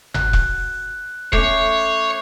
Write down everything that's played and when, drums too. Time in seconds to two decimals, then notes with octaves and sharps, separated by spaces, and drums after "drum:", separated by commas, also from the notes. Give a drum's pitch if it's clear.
0.14 F#4 F#6, drum: tom G1
0.33 drum: kick E1
1.33 A3 C#4 C#5 D6 G6 C7, drum: kick E1